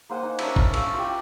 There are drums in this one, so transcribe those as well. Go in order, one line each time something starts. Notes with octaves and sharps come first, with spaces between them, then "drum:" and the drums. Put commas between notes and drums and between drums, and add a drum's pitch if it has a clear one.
A#3 C5 F#5 G#5
D#4
C#4 D4 B4 E5, drum: cymbal
A#4, drum: kick G#1
F5 C#6 E6, drum: cymbal
F4 G4